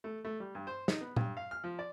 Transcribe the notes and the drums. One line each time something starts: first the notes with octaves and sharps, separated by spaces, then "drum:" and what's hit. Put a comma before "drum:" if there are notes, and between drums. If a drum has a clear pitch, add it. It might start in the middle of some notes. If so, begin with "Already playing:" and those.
A3
A3
G3
G2
C5
D#4, drum: snare
B3
G2, drum: tom
F5
F6
F3
D5